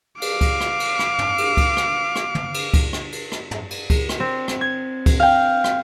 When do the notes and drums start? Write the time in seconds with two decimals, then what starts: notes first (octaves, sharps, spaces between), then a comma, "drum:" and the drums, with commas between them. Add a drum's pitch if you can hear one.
0.22 F5 D6, drum: cymbal
0.41 drum: kick C#2, cymbal
0.60 drum: rim click
0.80 drum: cymbal
0.99 drum: rim click
1.19 drum: tom
1.38 drum: cymbal
1.57 drum: kick C#2, cymbal
1.77 drum: rim click
2.15 drum: rim click
2.35 drum: tom
2.54 drum: cymbal
2.74 drum: kick C#2, cymbal
2.93 drum: rim click
3.12 drum: cymbal
3.32 drum: rim click
3.51 drum: tom
3.70 drum: cymbal
3.90 drum: kick C#2, cymbal
4.09 drum: rim click
4.20 C4
4.48 drum: rim click
4.61 G#6
5.06 drum: kick C#2, cymbal
5.20 F5 G5
5.64 drum: rim click